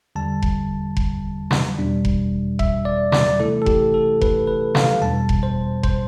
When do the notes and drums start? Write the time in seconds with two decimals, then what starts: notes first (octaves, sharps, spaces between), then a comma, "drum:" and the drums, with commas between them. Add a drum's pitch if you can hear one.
0.15 E2 D3 G3 A5
0.42 drum: kick F1
0.97 drum: kick F1
1.51 drum: snare
1.77 E2 B2 G3 D4
2.05 drum: kick F1
2.59 E5, drum: kick F1
2.85 D5
3.12 D5, drum: snare
3.39 C3 E3 A3 E4 A4
3.62 A4
3.66 G4, drum: kick F1
3.94 A4
4.21 B4, drum: kick F1
4.47 B4
4.75 F5, drum: snare
5.02 E2 B2 G3 D4 A5
5.29 drum: kick F1
5.43 C5
5.83 C5, drum: kick F1